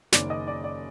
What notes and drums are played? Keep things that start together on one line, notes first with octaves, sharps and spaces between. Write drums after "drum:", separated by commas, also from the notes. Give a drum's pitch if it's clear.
F#1 F#2 D#3 D5 D6, drum: snare
D#5 D#6
D5 D6
D5 D6